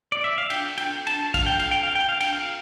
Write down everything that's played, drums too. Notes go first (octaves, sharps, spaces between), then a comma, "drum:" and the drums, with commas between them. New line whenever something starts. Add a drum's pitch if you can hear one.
D5
E5
F5
G5, drum: cymbal
G5, drum: cymbal
A5, drum: cymbal
F5, drum: kick, cymbal
G5
F5, drum: cymbal
G5
F5
G5
F5
G5, drum: cymbal
F5